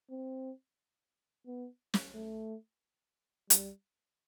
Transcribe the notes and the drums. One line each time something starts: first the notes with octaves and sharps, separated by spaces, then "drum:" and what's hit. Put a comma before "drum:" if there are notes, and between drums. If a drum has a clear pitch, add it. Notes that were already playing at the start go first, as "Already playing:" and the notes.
C4
B3
drum: snare
A3
G3, drum: hi-hat